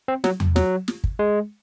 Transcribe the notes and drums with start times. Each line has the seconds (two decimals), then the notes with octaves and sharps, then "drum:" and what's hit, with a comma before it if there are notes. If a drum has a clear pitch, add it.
0.08 C4
0.24 F#3, drum: snare
0.40 drum: tom E2
0.56 F#3, drum: snare
0.88 drum: snare
1.04 drum: kick
1.19 G#3